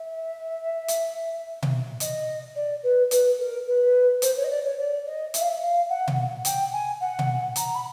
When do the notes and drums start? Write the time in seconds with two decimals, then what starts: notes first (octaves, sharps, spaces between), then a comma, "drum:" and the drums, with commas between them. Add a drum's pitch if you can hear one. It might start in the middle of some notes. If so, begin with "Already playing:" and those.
Already playing: E5
0.88 drum: hi-hat
1.63 drum: tom B2
2.00 D#5, drum: hi-hat
2.55 D5
2.83 B4
3.11 B4, drum: hi-hat
3.38 A#4
3.67 B4
4.22 C5, drum: hi-hat
4.36 C#5
4.43 D#5
4.50 D5
4.64 C#5
4.78 D5
5.06 D#5
5.34 E5, drum: hi-hat
5.40 F5
5.48 E5
5.62 F5
5.88 F#5
6.08 drum: tom B2
6.45 G5, drum: hi-hat
6.72 G#5
7.00 F#5
7.19 drum: tom B2
7.56 A#5, drum: hi-hat
7.74 B5